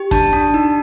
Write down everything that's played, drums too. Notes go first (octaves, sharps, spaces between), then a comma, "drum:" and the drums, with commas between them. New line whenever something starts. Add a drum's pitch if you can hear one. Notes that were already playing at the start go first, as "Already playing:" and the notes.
Already playing: G4
D4 A5, drum: kick, hi-hat
D4
D#4